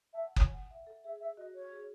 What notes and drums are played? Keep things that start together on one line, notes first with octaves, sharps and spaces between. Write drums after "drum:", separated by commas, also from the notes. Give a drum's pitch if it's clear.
E5 A5
F#5
C#5 G#5, drum: kick F#1
F#5
E5
A4
G#4 E5
E5
F#4 D#5
C#5
G#4